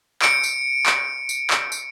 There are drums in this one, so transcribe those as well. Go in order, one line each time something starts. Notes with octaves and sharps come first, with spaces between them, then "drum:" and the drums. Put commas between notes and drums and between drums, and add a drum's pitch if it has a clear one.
C#7 D7, drum: clap
drum: tambourine
drum: clap
drum: tambourine
drum: clap
drum: tambourine